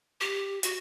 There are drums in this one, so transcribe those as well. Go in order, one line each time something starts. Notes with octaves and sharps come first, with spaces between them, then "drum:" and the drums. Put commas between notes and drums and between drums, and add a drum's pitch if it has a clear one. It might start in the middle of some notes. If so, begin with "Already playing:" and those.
G4
F#4, drum: hi-hat